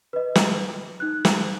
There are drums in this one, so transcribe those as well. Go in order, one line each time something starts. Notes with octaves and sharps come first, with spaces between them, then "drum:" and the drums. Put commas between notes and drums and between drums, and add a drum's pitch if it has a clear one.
B4 D#5
drum: snare
D#4 F#6
drum: snare